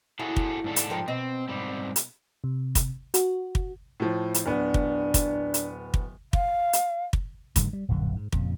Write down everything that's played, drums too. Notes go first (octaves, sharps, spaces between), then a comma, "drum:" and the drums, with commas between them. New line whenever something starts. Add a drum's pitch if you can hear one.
E4 F#4 G#4 A4
drum: kick
G#2 D4 A4
drum: hi-hat
F3 G4 A#4
B2 C4 D#5
G#2 G3 C4
drum: hi-hat
C3
drum: kick, hi-hat
F#4, drum: hi-hat
drum: kick
A2 F3
drum: hi-hat
D1 B3 D4
drum: kick
drum: kick, hi-hat
drum: hi-hat
drum: kick
F5, drum: kick
drum: hi-hat
drum: kick
G#2 D3 D#3 F#3, drum: kick, hi-hat
G3
D1 A#1 F#2 D3
G#2
F2 A#2 C#3, drum: kick